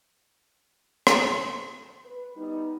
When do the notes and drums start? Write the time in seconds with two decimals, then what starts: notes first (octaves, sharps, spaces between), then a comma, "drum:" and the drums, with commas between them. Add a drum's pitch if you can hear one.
1.07 drum: rim click
2.05 B4
2.35 G3 B3 D#4